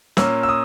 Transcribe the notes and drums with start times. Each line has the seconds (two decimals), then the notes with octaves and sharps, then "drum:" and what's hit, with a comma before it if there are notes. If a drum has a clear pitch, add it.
0.17 A#2 A#3 C#4 E6, drum: snare
0.43 E6
0.49 D#6